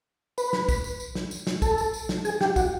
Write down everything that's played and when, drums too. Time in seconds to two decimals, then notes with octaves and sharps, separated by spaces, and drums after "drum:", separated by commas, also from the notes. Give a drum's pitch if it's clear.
0.38 B4, drum: tambourine
0.53 drum: snare
0.69 drum: kick, tambourine
0.84 drum: tambourine
1.00 drum: tambourine
1.15 drum: snare
1.31 drum: tambourine
1.47 drum: snare
1.62 A4, drum: kick, tambourine
1.78 drum: tambourine
1.94 drum: tambourine
2.09 drum: snare
2.25 G#4, drum: tambourine
2.41 G4, drum: snare
2.56 F#4, drum: kick, tambourine